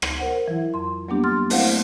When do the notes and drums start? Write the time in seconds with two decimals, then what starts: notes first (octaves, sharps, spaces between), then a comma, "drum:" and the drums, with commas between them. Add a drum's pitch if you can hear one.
0.02 drum: rim click
0.19 A#4 C5 F#5
0.48 E3 F#3 E4
0.74 F2 C6
1.08 F#3 G3 A#3 B3 D4 G4
1.24 C6 F6 A6
1.50 A3 C4 E4 C5 F5 F#5, drum: open hi-hat